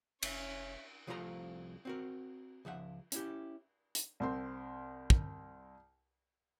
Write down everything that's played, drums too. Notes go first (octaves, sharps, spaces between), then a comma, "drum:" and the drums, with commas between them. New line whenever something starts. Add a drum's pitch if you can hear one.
F1 C#4 C#5 E5, drum: cymbal
C2 F3 A3 F4 C#5 A#5
C4 F#4 A#4
C#2 F3 E5 F#5
C#4 E4 G4, drum: hi-hat
drum: hi-hat
C2 C4 C6
drum: kick